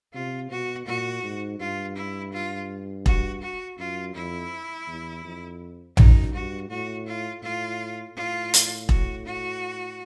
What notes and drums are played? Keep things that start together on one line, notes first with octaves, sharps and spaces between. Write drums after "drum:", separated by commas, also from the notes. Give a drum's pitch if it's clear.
C3 F4
B2 F#4
A#2 F#4
G#2
G2 F4
E4
F4
F#4, drum: kick E1
F#4
F#2 F4
F2 E4
E2
F2
F#2 D#4, drum: tom A#1
G2 F#4
A2 F#4
F4
A2 F4
A2 F4
drum: hi-hat
F#4, drum: kick E1
F#4